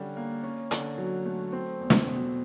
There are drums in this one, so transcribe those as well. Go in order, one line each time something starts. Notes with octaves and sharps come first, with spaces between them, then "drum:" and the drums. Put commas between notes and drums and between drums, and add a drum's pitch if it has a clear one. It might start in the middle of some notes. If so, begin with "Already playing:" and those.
Already playing: D3 G3 C#4
A#3
C#4
D3, drum: hi-hat
F#3
A3
C4
E2
drum: snare
B2